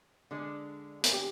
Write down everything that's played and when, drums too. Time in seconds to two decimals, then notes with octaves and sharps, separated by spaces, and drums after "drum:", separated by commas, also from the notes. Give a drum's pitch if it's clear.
0.31 D3 G#3
1.04 G#4, drum: hi-hat
1.13 G4